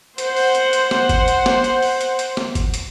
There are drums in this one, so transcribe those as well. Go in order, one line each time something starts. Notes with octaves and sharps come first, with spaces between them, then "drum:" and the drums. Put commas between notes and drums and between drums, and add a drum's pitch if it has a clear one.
C5 F#5, drum: hi-hat
drum: open hi-hat
drum: hi-hat
drum: hi-hat
drum: snare
drum: kick F#1, hi-hat
drum: hi-hat
drum: snare
drum: hi-hat
drum: open hi-hat
drum: hi-hat
drum: hi-hat
drum: snare
drum: kick F#1, hi-hat
drum: hi-hat